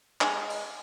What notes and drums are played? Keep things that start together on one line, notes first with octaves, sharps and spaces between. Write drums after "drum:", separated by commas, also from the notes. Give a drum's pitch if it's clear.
G#3, drum: clap
drum: open hi-hat